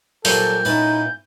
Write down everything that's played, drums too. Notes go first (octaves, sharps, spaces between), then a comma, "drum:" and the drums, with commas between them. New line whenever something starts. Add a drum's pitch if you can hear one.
A#2 F#3 G3 A4 C5 G6, drum: open hi-hat
A#2 C#4 D#4 E4 B4 A5